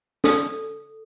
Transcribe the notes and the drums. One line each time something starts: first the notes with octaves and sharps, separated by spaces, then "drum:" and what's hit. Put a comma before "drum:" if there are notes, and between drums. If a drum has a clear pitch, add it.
A4, drum: snare